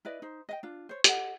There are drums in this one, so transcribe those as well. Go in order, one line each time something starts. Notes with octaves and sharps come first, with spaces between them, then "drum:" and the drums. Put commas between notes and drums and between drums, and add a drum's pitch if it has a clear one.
E4 B4 D5 D#5
D#4 C5
D#5 E5 G5
D4 F4
C5 C#5
G4 A4 D#5 F#5, drum: hi-hat